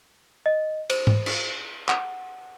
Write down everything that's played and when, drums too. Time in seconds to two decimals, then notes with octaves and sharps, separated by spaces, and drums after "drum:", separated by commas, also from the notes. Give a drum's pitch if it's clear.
0.46 D#5
0.90 C5, drum: cymbal
1.07 drum: tom G#2
1.26 drum: cymbal
1.89 F#5, drum: clap